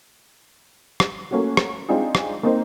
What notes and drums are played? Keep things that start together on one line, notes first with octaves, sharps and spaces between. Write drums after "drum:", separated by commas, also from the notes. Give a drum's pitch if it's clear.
drum: rim click
A3 A#3 C#4 F#4
drum: rim click
G#3 C4 D4 D#4 F4 G#4
drum: rim click
A#3 C4 D#4 A#4 C5